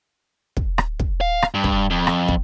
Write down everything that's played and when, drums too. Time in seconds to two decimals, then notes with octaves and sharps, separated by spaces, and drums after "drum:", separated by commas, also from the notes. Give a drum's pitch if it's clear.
0.57 drum: kick
0.78 drum: rim click
1.00 drum: kick
1.21 F5
1.42 drum: rim click
1.54 G2
1.64 drum: kick
1.90 F2
2.07 drum: rim click
2.28 drum: kick